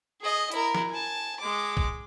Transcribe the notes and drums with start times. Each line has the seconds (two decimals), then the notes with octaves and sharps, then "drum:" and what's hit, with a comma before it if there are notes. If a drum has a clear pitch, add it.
0.21 G#4 D#5
0.52 E4 A#4, drum: hi-hat
0.75 drum: snare
0.90 G#5 A5
1.40 G#3 D6
1.77 drum: kick